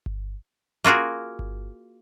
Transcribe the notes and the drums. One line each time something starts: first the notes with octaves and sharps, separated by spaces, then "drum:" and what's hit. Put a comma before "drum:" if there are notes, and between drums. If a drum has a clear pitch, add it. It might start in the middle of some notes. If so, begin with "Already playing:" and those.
drum: kick G1
A#3 F4 F#4 G#4 A#4
drum: kick G1